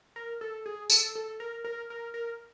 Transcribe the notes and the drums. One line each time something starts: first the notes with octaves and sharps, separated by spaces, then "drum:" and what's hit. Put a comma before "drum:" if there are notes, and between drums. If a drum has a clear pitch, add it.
A#4
A4
G#4
A4, drum: tambourine
A4
A#4
A#4
A#4
A#4